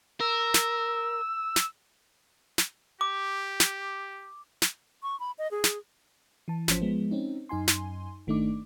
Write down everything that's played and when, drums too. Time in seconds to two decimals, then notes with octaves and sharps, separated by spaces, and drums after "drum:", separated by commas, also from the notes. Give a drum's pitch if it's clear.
0.20 A#4 E6
0.54 drum: snare
1.56 drum: snare
2.58 drum: snare
3.01 G4 D6
3.60 drum: snare
4.62 drum: snare
5.03 C#6
5.20 B5
5.38 D#5
5.51 G#4
5.64 drum: snare
6.48 E3 A5
6.68 G#1 F3 C#4 C5 B6, drum: snare
6.82 F3 G#3 B3
7.11 C4 C#4 D#4
7.49 F#2 D#4 G#5 C6
7.68 drum: snare
8.27 G1 D#3 A3 D4 D#4 D6